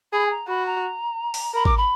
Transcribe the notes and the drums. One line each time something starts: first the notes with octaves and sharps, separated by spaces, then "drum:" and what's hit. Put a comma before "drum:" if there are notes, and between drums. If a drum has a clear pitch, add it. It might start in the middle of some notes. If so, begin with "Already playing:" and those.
G#4 B5
G#5
A#5
F#4 B5
A#5
drum: open hi-hat
A#4 B5
D6, drum: kick
B5